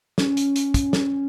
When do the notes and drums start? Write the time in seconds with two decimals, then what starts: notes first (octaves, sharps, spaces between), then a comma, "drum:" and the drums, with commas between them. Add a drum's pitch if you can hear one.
0.18 C#4, drum: snare
0.37 drum: hi-hat
0.56 drum: hi-hat
0.74 drum: kick, hi-hat
0.93 drum: snare